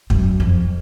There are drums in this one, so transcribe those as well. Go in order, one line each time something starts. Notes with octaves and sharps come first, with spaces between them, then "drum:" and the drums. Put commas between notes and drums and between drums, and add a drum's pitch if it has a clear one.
F#2, drum: kick
F2